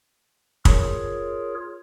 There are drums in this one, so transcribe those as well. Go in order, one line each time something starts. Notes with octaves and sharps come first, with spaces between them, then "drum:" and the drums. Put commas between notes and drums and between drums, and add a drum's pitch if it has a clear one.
F4 G#4 A#4 C#5, drum: kick